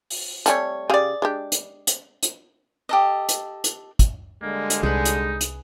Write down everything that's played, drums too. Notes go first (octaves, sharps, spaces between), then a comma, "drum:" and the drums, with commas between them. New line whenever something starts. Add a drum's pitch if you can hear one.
drum: open hi-hat
G3 A3 C4 C#5 G#5 A5, drum: hi-hat
C#3 G4 G#4 D5 F5
G#3 D4 G4
drum: hi-hat
drum: hi-hat
drum: hi-hat
G4 A4 D#5
drum: hi-hat
drum: hi-hat
drum: kick, hi-hat
D3 G3 G#3 A#3
drum: hi-hat
C2 D#4 G#4 B4
drum: hi-hat
drum: hi-hat